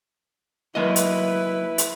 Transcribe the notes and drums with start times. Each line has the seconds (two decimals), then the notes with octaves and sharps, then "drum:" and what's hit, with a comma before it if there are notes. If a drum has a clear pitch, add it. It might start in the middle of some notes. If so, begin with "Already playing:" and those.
0.75 F#3 A#3 E4 B4 D#5
0.96 drum: hi-hat
1.78 drum: hi-hat